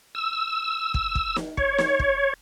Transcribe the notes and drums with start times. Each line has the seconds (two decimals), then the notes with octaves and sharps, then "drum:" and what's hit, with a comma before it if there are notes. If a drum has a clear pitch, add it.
0.15 E6
0.94 drum: kick
1.15 drum: kick
1.36 drum: snare
1.57 C#5, drum: kick
1.78 drum: snare
1.99 drum: kick